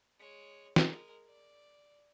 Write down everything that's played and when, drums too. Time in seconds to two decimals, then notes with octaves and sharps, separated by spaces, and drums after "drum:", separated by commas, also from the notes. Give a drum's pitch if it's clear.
0.19 G#3 C#5
0.76 G#3 A#4, drum: snare
1.27 D5